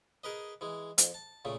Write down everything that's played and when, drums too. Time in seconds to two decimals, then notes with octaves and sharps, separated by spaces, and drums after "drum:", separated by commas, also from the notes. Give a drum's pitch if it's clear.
0.24 G#4 A#4 B4 D#5
0.61 E3 G#3
0.98 F2, drum: hi-hat
1.14 A5
1.45 A#2 C#3 A3